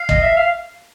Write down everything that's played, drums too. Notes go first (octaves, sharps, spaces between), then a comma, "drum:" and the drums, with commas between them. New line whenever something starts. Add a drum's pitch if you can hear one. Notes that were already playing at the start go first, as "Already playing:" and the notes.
Already playing: F5
D#5, drum: kick
E5
F5